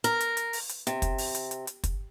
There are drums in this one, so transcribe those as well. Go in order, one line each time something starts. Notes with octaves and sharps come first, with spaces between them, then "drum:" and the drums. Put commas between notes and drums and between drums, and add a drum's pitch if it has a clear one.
A#4, drum: hi-hat
drum: hi-hat
drum: hi-hat
drum: open hi-hat
drum: hi-hat
C3, drum: hi-hat
drum: kick, hi-hat
drum: open hi-hat
drum: hi-hat
drum: hi-hat
drum: hi-hat
drum: kick, hi-hat